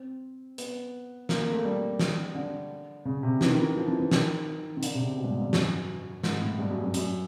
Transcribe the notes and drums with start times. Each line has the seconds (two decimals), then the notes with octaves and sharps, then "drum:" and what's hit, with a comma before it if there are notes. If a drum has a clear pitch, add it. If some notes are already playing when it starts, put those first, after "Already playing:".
Already playing: C4
0.58 B3, drum: hi-hat
1.29 A#3, drum: snare
1.41 A#3
1.52 A3
1.64 G3
1.99 drum: snare
2.35 D3
3.05 C#3
3.23 C3
3.41 E3, drum: snare
3.50 D#3
3.58 E3
3.77 F3
3.88 E3
4.00 E3
4.11 D#3, drum: snare
4.77 D#3
4.83 D3, drum: hi-hat
4.95 C3
5.00 C#3
5.18 B2
5.24 G2
5.29 G#2
5.41 G2
5.53 F#2, drum: snare
6.23 G#2, drum: snare
6.41 A2
6.59 G2
6.71 F#2
6.82 G2
6.94 F#2, drum: hi-hat